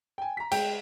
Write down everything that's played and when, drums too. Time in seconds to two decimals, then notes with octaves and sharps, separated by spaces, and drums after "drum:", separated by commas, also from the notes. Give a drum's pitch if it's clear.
0.18 G5 G#5
0.37 A#5 B6
0.52 G#3 G5, drum: cymbal